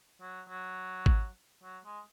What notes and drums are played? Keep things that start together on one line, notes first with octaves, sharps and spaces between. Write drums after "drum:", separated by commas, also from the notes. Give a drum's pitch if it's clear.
F#3
F#3
drum: kick G#1
F#3
G#3